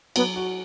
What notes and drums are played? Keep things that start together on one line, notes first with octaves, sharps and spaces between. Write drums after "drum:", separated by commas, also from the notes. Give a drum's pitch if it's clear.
F#3 B3, drum: cymbal
F#4